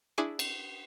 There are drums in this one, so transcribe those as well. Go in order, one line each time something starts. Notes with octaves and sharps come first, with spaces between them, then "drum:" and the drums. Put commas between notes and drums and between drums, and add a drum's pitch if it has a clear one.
D4 E4 G#4 G#5 C#6 D6
drum: cymbal